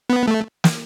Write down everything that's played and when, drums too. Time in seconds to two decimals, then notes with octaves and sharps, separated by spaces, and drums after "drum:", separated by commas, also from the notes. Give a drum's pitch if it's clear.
0.10 B3
0.28 A3
0.64 drum: snare